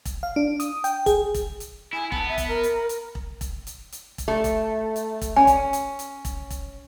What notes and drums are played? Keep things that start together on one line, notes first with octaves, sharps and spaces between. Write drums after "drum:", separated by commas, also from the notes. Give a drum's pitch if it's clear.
drum: kick E1, hi-hat
F5
D4
D#6, drum: hi-hat
G5, drum: hi-hat
G#4, drum: kick E1, hi-hat
drum: kick E1, hi-hat
drum: hi-hat
E4 G#5
B3 A5, drum: kick E1
E5
drum: kick E1, hi-hat
A#4
drum: hi-hat
drum: hi-hat
drum: kick E1
drum: kick E1, hi-hat
drum: hi-hat
drum: hi-hat
drum: kick E1, hi-hat
A3
drum: kick E1, hi-hat
drum: hi-hat
drum: kick E1, hi-hat
C#4 G#5
drum: kick E1, hi-hat
drum: hi-hat
drum: hi-hat
drum: kick E1, hi-hat
drum: kick E1, hi-hat